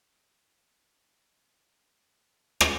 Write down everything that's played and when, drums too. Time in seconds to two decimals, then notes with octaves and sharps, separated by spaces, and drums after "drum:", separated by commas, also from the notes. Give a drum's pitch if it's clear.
0.42 F4 C6 D6 D#6
2.61 drum: rim click